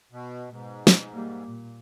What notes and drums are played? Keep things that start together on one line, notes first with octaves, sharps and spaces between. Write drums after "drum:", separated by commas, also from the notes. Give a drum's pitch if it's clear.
B2
G#2 B2
drum: snare
G3 A#3
A#2